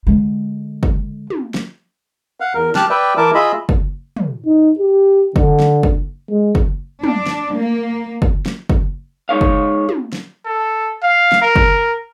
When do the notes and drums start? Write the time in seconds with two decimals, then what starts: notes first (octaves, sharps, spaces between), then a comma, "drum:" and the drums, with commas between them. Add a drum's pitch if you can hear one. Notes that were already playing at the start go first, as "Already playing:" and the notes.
0.07 D3 G#3
0.83 drum: kick
1.30 drum: tom
1.54 drum: snare
2.40 F5 F#5
2.54 E2 A#4
2.75 G4 A5 F6 F#6, drum: snare
2.90 B4 D5 E5 G5
3.17 E3 E4 A#4 A5 D6
3.34 F4 G#4 D#5 E5 B5
3.69 drum: kick
4.17 drum: tom
4.46 D#4
4.79 G4
5.36 D3, drum: kick
5.60 drum: snare
5.83 drum: kick
6.29 G#3
6.55 drum: kick
7.04 D4, drum: tom
7.26 drum: snare
7.56 A#3
8.22 drum: kick
8.46 drum: snare
8.69 drum: kick
9.29 G#3 D#4 C#5 F5
9.41 drum: kick
9.89 drum: tom
10.13 drum: snare
10.46 A4
11.03 F5
11.32 drum: snare
11.42 A#4
11.56 drum: kick